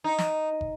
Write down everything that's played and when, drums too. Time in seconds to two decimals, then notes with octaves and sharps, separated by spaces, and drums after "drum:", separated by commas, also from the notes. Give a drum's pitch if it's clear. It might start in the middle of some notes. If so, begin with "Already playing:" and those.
0.04 D#4
0.18 drum: snare
0.61 drum: kick